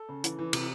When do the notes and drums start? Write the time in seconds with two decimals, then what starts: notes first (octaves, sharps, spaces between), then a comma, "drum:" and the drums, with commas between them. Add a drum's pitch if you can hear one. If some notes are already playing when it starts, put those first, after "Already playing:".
Already playing: A4
0.09 C#3
0.24 E3, drum: hi-hat
0.39 E3
0.53 C3, drum: cymbal